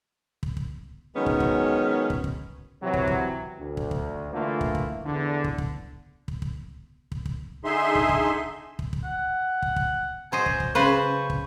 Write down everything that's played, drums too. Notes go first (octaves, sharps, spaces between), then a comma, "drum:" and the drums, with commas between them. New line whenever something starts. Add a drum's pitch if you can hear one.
drum: kick
drum: kick
D#3 F#3 G#3 B3 C#4
drum: kick
drum: kick
drum: kick
drum: kick
C3 E3 F#3
drum: kick
drum: kick
D2
drum: kick
drum: kick
D3 E3 A3 A#3 F4
drum: kick
drum: kick
E2 D3
drum: kick
drum: kick
drum: kick
drum: kick
drum: kick
drum: kick
D3 D#4 G#4 E5 C6
drum: kick
drum: kick
drum: kick
drum: kick
F#5
drum: kick
drum: kick
F#3 C5 D#5 G#5
drum: kick
drum: kick
C#3 B4 C5 C#6
drum: kick